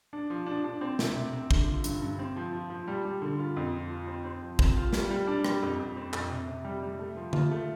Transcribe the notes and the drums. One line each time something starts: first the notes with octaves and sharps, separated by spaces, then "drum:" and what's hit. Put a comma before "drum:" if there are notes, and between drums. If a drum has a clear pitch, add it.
D4
F3
D4
D4
C4
C3, drum: snare
C3
C3
D3, drum: kick
F4
G2, drum: hi-hat
G2
C4
F3
F3
F3
G3
G3
D3
F4
F2
F3
F4
C4
C4
F3
C4, drum: kick
F4
G3, drum: snare
G3
D4
G3, drum: rim click
F2
F2
C4
F2, drum: clap
C3
C3
G3
G3
A3
F3
F4, drum: tom D3
A3